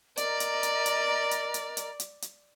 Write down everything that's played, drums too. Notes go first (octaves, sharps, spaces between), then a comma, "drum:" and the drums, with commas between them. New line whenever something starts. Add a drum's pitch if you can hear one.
A#4 D5 D#5 A#5, drum: hi-hat
drum: hi-hat
drum: hi-hat
drum: hi-hat
drum: hi-hat
drum: hi-hat
drum: hi-hat
drum: hi-hat
drum: hi-hat